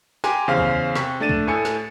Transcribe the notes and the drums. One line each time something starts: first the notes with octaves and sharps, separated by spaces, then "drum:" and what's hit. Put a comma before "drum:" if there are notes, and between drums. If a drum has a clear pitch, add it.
G4 G#5 A#5 C6, drum: snare
E2 C#3 C5 F5
drum: kick
C3 C#6 B6, drum: snare
A3 D4 A6 D#7 E7
drum: kick
A2 A4 G#5 C#7
drum: snare